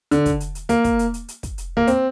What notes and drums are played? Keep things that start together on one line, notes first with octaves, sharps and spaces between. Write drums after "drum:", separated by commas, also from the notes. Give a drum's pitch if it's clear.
D3, drum: hi-hat
drum: kick, hi-hat
drum: hi-hat
drum: hi-hat
A#3, drum: hi-hat
drum: kick, hi-hat
drum: hi-hat
drum: hi-hat
drum: hi-hat
drum: kick, hi-hat
drum: hi-hat
A#3
C4, drum: hi-hat